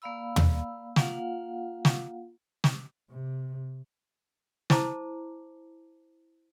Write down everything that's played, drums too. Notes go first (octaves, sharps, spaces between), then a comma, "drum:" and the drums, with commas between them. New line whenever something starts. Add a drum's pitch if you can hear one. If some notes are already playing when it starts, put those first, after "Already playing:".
A#3 D5 F5 B5 E6
drum: tom
A#3 F4 F5 F#5, drum: snare
drum: snare
drum: snare
C3
E4 C5 A5 A#5 D6, drum: snare